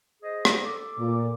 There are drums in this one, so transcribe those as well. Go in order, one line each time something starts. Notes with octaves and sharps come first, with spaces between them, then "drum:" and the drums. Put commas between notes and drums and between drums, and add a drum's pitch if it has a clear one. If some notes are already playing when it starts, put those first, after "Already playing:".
G#4 C5 D#5
drum: rim click
A4 D6
A#2